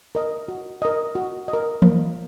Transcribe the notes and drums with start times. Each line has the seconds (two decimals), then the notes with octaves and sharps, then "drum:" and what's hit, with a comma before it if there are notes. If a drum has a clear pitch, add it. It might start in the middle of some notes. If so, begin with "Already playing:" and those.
0.15 A#4 D#5
0.48 F#4
0.82 A#4 D#5
1.15 F#4
1.48 D#5
1.53 A#4
1.82 A#3, drum: tom E3